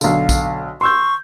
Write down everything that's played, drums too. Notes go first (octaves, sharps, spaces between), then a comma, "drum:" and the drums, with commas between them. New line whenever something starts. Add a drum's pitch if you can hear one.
B1 D3 F5, drum: tambourine
drum: kick A#1, tambourine
C6 C#6 E6 G6